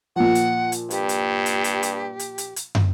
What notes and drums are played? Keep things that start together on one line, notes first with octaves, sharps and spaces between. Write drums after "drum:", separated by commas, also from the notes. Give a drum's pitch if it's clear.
A#2 F3 F#5
drum: hi-hat
drum: hi-hat
G2 G4, drum: hi-hat
drum: hi-hat
drum: hi-hat
drum: hi-hat
drum: hi-hat
drum: hi-hat
drum: hi-hat
drum: hi-hat
drum: tom